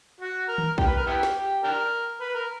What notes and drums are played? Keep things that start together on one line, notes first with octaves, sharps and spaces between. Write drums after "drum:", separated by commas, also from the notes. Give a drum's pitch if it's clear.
F#4
A#4
drum: tom D#3
G4, drum: kick A#1
B4
A#4
B3 E4 G4
drum: snare
G4
D4 G4 A#4
B4
A#4